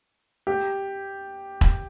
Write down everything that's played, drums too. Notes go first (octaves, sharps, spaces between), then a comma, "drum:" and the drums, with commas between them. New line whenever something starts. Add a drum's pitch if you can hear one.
G4
drum: kick E1